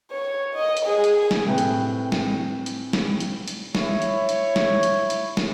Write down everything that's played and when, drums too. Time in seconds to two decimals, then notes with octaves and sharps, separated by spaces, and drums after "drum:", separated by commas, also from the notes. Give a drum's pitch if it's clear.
0.11 C#5
0.55 D#5
0.77 drum: hi-hat
0.86 G#4
1.04 drum: hi-hat
1.31 drum: snare
1.46 A2 C3 B4 G5 G#5
1.58 drum: hi-hat
2.12 drum: snare
2.66 drum: hi-hat
2.93 drum: snare
3.20 drum: hi-hat
3.48 drum: hi-hat
3.75 E4 C#5, drum: snare
4.02 drum: hi-hat
4.29 drum: hi-hat
4.56 drum: snare
4.83 drum: hi-hat
5.10 drum: hi-hat
5.37 drum: snare